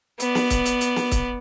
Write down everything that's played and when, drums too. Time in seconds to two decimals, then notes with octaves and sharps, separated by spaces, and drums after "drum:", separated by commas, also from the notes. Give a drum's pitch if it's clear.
0.20 B3 D5, drum: hi-hat
0.35 drum: snare
0.50 drum: kick, hi-hat
0.66 drum: hi-hat
0.81 drum: hi-hat
0.96 drum: snare
1.12 drum: kick, hi-hat